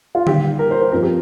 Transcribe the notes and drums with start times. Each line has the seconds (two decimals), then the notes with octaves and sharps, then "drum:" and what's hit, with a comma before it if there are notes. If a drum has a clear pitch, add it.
0.15 F4
0.27 A#2 G3 D#4 G4, drum: tom D3
0.59 A#4
0.71 C5
0.81 C5
0.92 F2 F3 C4 A#4
1.03 G4